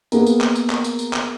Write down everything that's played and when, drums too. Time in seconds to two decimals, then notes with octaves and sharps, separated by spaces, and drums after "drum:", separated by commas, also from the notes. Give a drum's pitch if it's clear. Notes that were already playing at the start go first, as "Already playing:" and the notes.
0.12 A#3 B3 G#4 A#4, drum: tambourine
0.26 drum: tambourine
0.41 drum: clap
0.55 drum: tambourine
0.70 drum: clap
0.84 drum: tambourine
0.99 drum: tambourine
1.13 drum: clap